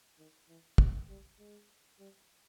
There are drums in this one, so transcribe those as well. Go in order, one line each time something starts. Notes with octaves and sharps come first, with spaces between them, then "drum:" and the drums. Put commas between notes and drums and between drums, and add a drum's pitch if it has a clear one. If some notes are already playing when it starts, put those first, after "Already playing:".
D#3
E3
F#3, drum: kick
G3
G#3
G3